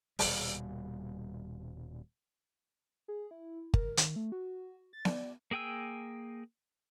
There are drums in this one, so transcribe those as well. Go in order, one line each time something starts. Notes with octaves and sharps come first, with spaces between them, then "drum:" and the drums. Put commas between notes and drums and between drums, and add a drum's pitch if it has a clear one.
D#1 C2 B2 G3, drum: open hi-hat
G#4
E4
A#4, drum: kick G1
D#3, drum: hi-hat
A3
F#4
A6
D5, drum: snare B3
A#3 G#4 G5 G#5 E6